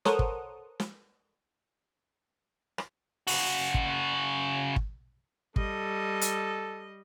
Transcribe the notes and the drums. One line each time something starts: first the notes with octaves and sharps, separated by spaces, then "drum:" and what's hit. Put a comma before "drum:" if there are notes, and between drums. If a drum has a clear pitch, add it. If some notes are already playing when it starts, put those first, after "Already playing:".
A4 A#4 C5 C#5 F#5 D#6, drum: snare
drum: kick
drum: snare
drum: rim click
C#3 F#4, drum: open hi-hat
drum: kick
drum: kick
G3 A4 D#5, drum: kick
drum: hi-hat